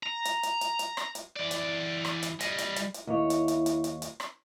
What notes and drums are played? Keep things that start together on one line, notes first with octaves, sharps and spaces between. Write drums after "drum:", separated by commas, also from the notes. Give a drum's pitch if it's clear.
A#5
drum: hi-hat
drum: hi-hat
drum: hi-hat
drum: hi-hat
drum: rim click
drum: hi-hat
E3 D5
drum: hi-hat
drum: rim click
drum: hi-hat
G3 D#5, drum: hi-hat
drum: hi-hat
drum: hi-hat
drum: hi-hat
D#2 E4 C#5
drum: hi-hat
drum: hi-hat
drum: hi-hat
drum: hi-hat
drum: hi-hat
drum: rim click